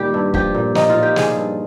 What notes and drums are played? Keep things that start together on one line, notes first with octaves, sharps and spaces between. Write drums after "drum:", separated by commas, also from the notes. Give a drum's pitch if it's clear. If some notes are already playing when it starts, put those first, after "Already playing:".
Already playing: A#2 D#3 G3 G4
G2
F3 G4, drum: kick
A#2
F3 D#4, drum: snare
F4
A#2
G4
F3 G#4, drum: snare
G2